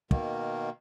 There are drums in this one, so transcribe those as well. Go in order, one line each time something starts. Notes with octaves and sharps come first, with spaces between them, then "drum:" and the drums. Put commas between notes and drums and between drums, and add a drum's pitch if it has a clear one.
B2 D#3 A#3, drum: kick